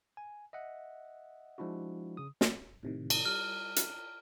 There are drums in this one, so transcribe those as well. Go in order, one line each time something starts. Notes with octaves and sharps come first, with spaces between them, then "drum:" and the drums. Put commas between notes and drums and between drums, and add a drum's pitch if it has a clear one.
G#5
D#5 E5 F#5
F3 G#3 D4 E4 F#4
C#3 D#6
drum: snare
A2 C3 D#3
drum: cymbal
G3 F6
drum: hi-hat